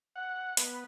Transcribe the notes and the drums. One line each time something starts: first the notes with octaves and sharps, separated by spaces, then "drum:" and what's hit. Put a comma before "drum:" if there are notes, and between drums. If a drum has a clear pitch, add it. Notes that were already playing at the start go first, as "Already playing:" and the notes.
F#5
B3, drum: hi-hat